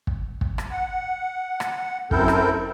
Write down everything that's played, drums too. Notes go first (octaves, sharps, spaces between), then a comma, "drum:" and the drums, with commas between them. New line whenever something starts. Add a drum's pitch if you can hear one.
drum: kick
drum: kick
drum: rim click
F#5
drum: rim click
F#2 C4 E4 A4 A#4 G6, drum: kick
drum: rim click